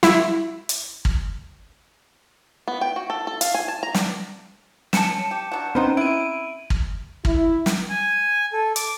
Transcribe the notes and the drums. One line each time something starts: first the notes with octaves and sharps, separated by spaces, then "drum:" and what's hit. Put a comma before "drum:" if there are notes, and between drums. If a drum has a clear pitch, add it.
E4, drum: snare
drum: hi-hat
drum: kick
B3
G5
F#4
A4
A4
F5, drum: hi-hat
G#5
A5
A#5
D4, drum: snare
C#4 A5 C#7 E7, drum: snare
G4
F#3 D4 F#4
D#3 C4 C#4 D#4 C5
E4 D7 D#7
drum: kick
E4, drum: kick
drum: snare
G#5
A4
D6, drum: hi-hat